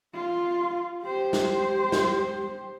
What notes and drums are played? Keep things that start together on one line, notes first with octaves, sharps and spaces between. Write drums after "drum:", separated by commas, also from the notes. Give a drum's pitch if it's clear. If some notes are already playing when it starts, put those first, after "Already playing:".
F4
G4 C5
drum: snare
drum: snare